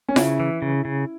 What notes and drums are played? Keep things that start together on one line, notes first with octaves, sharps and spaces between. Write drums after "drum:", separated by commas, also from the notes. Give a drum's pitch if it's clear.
C#4
C#3 E4, drum: snare F4
E3
C#3
C#3